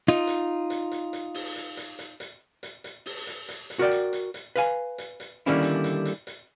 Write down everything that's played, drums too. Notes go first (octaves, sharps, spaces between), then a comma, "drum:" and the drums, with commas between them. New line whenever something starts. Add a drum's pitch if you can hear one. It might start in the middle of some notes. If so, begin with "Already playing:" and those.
D#4 F4, drum: hi-hat
drum: hi-hat
drum: hi-hat
drum: hi-hat
drum: hi-hat
drum: open hi-hat
drum: hi-hat
drum: hi-hat
drum: hi-hat
drum: hi-hat
drum: hi-hat
drum: hi-hat
drum: open hi-hat
drum: hi-hat
drum: hi-hat
drum: hi-hat
F#4 A#4 D5 G5
drum: hi-hat
drum: hi-hat
drum: hi-hat
B4 F5 G#5, drum: hi-hat
drum: hi-hat
drum: hi-hat
D3 D#3 G3 A#3 C#4 E4
drum: hi-hat
drum: hi-hat
drum: hi-hat
drum: hi-hat